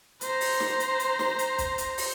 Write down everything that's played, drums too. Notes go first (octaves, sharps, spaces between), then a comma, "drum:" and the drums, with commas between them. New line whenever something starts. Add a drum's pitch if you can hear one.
C5 A#5, drum: hi-hat
drum: open hi-hat
drum: snare
drum: hi-hat
drum: hi-hat
drum: snare
drum: hi-hat
drum: kick, hi-hat
drum: hi-hat
drum: open hi-hat